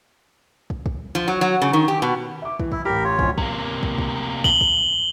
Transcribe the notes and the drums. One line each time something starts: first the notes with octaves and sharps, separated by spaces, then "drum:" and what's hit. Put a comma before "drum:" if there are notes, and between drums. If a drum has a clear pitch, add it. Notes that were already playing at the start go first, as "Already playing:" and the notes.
drum: kick
drum: kick
F3
F#3
F#3
C#3
D#3
G4
B2
E5 D6
E3, drum: kick
E4, drum: kick
A1 G4 A#4 B5
F4 C#5
D1 A#1 G#5, drum: kick
C3 A#3, drum: kick
drum: kick
drum: kick
F#7 G7, drum: kick
drum: kick